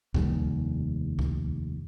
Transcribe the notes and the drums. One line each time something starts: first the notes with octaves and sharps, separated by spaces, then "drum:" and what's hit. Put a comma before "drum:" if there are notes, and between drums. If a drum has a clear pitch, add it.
F1 D#2 G3, drum: kick C#2
drum: kick C#2